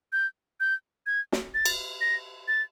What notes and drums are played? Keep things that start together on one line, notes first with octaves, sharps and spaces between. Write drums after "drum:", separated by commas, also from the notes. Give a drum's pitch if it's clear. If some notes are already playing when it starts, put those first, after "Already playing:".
G6
G6
G#6
drum: snare
A6
drum: cymbal
A#6
A6